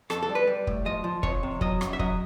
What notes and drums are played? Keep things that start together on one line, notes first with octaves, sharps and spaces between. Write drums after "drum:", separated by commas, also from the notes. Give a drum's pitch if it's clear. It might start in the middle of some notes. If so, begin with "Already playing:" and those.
F2 A4, drum: rim click
A4
G3
B4
G3
A2, drum: kick
F3 D#5
F3
F2 C#5, drum: kick
C3
F#3 D#5, drum: kick
F#2, drum: rim click
E5
F#3 D#5, drum: kick